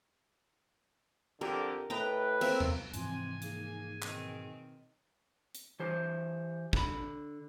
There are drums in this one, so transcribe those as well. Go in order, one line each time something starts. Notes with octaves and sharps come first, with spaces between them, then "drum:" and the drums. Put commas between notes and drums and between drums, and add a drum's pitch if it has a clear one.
F2 D3 G4 A#4
A2 A4 B4 D#5 G5 A#5
A#3 C4 E5, drum: cymbal
drum: tom E2
G#2 C3 E3 F3 C4 G#5 C6, drum: hi-hat
A#3 D#4 G#4, drum: hi-hat
B2 D#3 C4, drum: clap
drum: hi-hat
E3 G4 C5
D3 B5, drum: kick